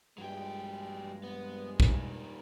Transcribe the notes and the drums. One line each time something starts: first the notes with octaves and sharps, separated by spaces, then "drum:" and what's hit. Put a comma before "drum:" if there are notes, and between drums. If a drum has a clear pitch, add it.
A#1 G2 F#3 G#3 G4
B3
D#3 G3, drum: kick